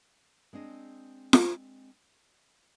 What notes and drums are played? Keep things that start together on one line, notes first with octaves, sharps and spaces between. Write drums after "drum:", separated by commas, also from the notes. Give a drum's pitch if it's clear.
G#3 C4 D4 D#5
drum: snare F4